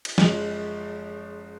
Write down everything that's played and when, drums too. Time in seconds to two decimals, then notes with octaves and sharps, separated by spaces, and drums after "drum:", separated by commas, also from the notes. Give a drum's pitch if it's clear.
0.05 drum: cymbal
0.18 F#1 F3 G#3 F7 F#7, drum: snare